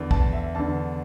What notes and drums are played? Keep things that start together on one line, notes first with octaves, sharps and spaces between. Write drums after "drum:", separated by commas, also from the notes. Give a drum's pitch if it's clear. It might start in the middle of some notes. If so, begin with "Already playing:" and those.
Already playing: E2 D3
A5, drum: kick
E5
E2 D3 A5